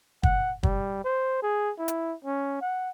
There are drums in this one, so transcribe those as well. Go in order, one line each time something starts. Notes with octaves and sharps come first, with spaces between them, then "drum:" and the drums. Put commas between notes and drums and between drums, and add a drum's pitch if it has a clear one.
F#5, drum: kick
G3, drum: kick
C5
G#4
E4
drum: hi-hat
C#4
F#5